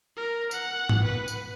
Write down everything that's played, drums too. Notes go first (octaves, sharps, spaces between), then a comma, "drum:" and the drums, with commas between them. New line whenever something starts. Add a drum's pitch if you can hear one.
A#4
F#5, drum: tambourine
drum: tom G#2
B4
drum: tambourine